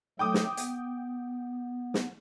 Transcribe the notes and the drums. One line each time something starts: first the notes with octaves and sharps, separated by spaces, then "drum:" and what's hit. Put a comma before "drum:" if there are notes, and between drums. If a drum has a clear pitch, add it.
F#3 A3 A4 G5 D6 D#6
drum: snare
B3, drum: hi-hat
drum: snare